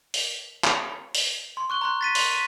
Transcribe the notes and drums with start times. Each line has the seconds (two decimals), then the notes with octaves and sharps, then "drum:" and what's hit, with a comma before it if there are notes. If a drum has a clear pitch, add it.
0.14 drum: open hi-hat
0.64 drum: clap
1.15 drum: open hi-hat
1.57 C6
1.70 C#6 F#6 G7
1.81 A#5 C6 F#6
2.01 A6 B6 D#7
2.15 C6, drum: open hi-hat
2.31 B6 D#7